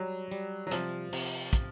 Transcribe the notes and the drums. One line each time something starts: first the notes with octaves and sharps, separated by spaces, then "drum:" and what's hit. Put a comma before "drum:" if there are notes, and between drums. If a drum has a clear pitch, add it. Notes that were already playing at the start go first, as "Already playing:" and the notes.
Already playing: F#3 G3
G3
F#3
C3 F3, drum: hi-hat
C3, drum: open hi-hat
drum: kick, hi-hat